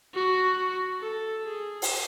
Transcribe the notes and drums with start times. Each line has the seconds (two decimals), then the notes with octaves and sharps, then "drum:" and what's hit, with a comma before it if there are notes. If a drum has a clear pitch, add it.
0.15 F#4
1.01 A4
1.44 G#4
1.82 drum: open hi-hat